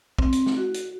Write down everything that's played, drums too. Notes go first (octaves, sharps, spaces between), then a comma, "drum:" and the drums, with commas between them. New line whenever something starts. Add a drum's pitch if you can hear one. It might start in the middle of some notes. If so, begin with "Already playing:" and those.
C4, drum: kick
drum: hi-hat
drum: snare
F#4
drum: hi-hat